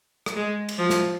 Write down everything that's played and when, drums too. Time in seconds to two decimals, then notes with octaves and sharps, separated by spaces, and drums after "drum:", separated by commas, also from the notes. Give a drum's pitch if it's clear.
0.26 drum: rim click
0.36 G#3
0.69 drum: cymbal
0.79 F3
0.90 drum: snare